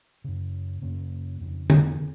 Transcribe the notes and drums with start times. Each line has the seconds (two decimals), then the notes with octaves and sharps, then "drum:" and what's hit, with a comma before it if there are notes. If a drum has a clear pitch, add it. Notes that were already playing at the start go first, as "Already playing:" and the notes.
0.24 F#2 C#3
0.82 F#2 C#3 A#3
1.41 F2 C#3
1.70 drum: tom